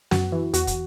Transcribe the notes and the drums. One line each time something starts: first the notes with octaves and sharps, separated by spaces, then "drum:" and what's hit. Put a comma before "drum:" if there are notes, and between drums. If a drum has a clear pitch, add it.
F#2 F#4, drum: snare
E3
E2 F#4, drum: hi-hat
drum: kick, hi-hat